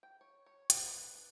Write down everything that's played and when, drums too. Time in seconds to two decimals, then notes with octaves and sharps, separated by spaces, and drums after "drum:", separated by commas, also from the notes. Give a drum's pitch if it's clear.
0.03 G5
0.21 C#5
0.46 C#5
0.70 F3, drum: hi-hat
0.87 B4
1.15 D4